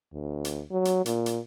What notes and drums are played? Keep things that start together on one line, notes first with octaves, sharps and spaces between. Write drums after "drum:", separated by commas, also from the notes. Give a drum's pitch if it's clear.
D2
drum: hi-hat
F#3
drum: hi-hat
A#2, drum: hi-hat
drum: hi-hat